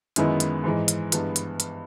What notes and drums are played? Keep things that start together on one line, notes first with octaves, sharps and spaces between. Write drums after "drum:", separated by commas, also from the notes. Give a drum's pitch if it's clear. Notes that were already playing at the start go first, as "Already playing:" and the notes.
F#2 D#3 G#3 B3 E4, drum: hi-hat
drum: hi-hat
G#2 E3 G#3
drum: hi-hat
G2 E3 G#3 B3, drum: hi-hat
drum: hi-hat
drum: hi-hat